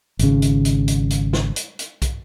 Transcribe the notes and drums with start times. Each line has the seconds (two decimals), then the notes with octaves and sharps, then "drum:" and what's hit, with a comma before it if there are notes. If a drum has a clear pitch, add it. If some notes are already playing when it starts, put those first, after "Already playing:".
0.19 G#1 C#3, drum: hi-hat
0.42 drum: hi-hat
0.65 drum: hi-hat
0.88 drum: hi-hat
1.10 drum: hi-hat
1.33 drum: snare
1.56 drum: hi-hat
1.79 drum: hi-hat
2.02 drum: kick, hi-hat